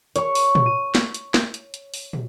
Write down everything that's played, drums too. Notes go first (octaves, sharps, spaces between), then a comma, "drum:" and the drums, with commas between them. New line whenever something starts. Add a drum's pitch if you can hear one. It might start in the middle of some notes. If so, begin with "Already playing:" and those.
C#5 C#6, drum: hi-hat
drum: open hi-hat
drum: tom
D#7
drum: snare
drum: hi-hat
drum: snare
drum: hi-hat
drum: hi-hat
drum: open hi-hat
drum: tom